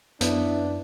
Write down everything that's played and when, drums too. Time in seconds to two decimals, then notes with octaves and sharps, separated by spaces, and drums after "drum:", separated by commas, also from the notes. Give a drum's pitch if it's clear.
0.21 F#2 B3 D4 E4, drum: hi-hat